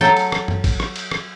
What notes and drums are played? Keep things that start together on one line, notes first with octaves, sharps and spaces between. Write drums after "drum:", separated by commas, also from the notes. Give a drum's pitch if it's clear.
F#3 A4 G5 A5
drum: cymbal
drum: rim click
drum: tom F#2
drum: kick, cymbal
drum: rim click
drum: cymbal
drum: rim click